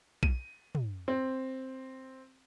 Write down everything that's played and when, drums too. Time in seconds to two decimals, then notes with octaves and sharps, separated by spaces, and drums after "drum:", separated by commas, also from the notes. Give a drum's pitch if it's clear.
0.23 D#7, drum: kick B1
0.75 drum: tom
1.08 C4